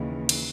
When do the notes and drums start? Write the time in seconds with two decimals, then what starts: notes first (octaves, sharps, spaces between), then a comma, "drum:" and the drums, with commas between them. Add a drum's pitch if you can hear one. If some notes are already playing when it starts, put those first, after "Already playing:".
Already playing: D#2 C#3 E3
0.29 drum: cymbal